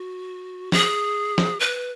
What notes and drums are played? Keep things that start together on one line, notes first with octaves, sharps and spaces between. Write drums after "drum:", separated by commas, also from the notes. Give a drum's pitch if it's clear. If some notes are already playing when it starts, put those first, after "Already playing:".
Already playing: F#4
G#4, drum: snare
drum: snare
B4